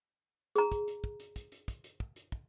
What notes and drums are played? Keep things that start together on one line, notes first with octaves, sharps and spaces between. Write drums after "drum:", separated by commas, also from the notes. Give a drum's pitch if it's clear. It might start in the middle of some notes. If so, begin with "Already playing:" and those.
G#4 A#5, drum: hi-hat
drum: kick, hi-hat
drum: hi-hat
drum: kick
drum: hi-hat
drum: kick, hi-hat
drum: hi-hat
drum: kick, hi-hat
drum: hi-hat
drum: kick
drum: hi-hat
drum: kick